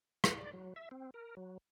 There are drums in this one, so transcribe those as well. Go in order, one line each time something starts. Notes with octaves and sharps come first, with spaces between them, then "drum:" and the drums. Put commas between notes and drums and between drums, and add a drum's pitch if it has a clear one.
B4, drum: rim click
D5
F#3
E5
C4
A#4
F#3